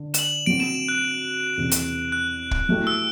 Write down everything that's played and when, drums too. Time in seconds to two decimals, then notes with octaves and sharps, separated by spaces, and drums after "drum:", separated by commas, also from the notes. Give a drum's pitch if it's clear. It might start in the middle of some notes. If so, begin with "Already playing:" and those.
Already playing: D3
0.14 E7, drum: hi-hat
0.18 F#7
0.46 F#3 C4 F#4 D7
0.60 E7
0.74 E7
0.88 F#6
1.57 E2 C3 E3
1.71 drum: hi-hat
2.12 F#6
2.51 drum: kick
2.69 F#3 A3 E4 G4
2.87 E6